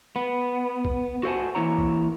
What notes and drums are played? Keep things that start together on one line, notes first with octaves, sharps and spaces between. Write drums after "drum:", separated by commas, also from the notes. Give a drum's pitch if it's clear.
B3
drum: kick B1
F#4 A4 C5 F#5 G#5 A5
E3 A#3 E4 C#5 A#5
drum: kick B1